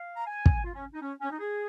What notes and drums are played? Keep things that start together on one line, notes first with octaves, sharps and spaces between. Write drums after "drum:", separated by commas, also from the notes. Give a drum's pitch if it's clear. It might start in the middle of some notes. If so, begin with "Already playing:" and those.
Already playing: F5
A#5
G#5
drum: kick
F4
C#4
D#4
C#4
C#4
D#4
G#4